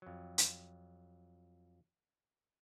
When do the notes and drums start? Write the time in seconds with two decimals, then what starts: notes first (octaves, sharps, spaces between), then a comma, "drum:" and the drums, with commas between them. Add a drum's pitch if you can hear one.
0.02 F2 F#3
0.38 drum: hi-hat